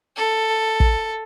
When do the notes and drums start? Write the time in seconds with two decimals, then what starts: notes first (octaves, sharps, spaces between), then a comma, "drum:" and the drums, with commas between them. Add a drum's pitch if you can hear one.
0.17 A4
0.80 drum: kick